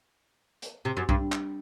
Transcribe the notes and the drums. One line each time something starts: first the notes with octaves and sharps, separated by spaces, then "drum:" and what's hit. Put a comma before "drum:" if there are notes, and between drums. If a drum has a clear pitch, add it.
drum: hi-hat
C3
F#2
G2, drum: kick B1
drum: clap